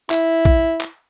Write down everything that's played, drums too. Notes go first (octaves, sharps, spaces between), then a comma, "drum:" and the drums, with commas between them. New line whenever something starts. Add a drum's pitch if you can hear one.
E4, drum: clap
drum: kick A#1
drum: clap